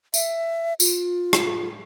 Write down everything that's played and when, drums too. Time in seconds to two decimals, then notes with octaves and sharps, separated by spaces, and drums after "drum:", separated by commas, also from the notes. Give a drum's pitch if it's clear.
0.14 E5, drum: tambourine
0.80 F4, drum: tambourine
1.33 drum: rim click